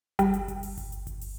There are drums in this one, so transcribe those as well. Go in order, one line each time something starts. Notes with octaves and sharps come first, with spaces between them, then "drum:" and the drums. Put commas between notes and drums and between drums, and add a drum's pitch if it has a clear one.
G3, drum: kick G1, hi-hat
drum: hi-hat
drum: kick G1, hi-hat
drum: open hi-hat
drum: kick G1, hi-hat
drum: hi-hat
drum: kick G1, hi-hat
drum: open hi-hat